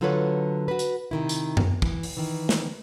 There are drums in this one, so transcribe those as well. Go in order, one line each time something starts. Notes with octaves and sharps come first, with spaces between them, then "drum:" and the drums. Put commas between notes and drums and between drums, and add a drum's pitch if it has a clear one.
D3 F#3 F4 A4 B4 C#5
F#4 B4
drum: tambourine
C3 D#3 E4
drum: tambourine
drum: tom F#2
E3, drum: kick
drum: open hi-hat
D#3 E3
drum: snare